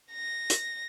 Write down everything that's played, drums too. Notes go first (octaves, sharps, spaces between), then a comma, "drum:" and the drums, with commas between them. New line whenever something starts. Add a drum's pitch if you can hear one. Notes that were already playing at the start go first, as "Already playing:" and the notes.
A#6
drum: hi-hat